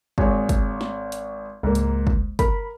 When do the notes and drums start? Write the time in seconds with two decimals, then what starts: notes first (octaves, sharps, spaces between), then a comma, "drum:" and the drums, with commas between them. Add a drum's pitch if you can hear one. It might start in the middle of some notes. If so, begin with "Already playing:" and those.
0.18 G#1 G#4 C#5, drum: kick
0.49 drum: kick, hi-hat
0.81 drum: snare
1.12 drum: hi-hat
1.63 C#2 G#2 A#3
1.75 drum: hi-hat
2.07 drum: kick
2.39 A#4 B5, drum: kick, hi-hat